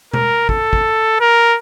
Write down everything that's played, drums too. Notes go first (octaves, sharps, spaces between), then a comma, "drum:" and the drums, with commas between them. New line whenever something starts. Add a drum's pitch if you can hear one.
A#4, drum: tom B2
A4, drum: kick
drum: kick
A#4